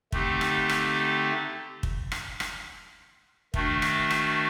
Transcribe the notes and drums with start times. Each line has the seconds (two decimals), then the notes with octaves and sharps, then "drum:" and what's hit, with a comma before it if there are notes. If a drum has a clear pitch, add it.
0.12 D3 A3 C4 D#4 G4, drum: kick
0.41 drum: rim click
0.69 drum: rim click
1.83 drum: kick
2.12 drum: rim click
2.40 drum: rim click
3.54 D#3 A3 D4 F#4, drum: kick
3.82 drum: rim click
4.11 drum: rim click